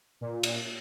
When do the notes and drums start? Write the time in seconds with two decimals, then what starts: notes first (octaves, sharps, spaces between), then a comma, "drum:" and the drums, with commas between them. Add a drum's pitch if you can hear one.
0.21 A#2
0.43 drum: cymbal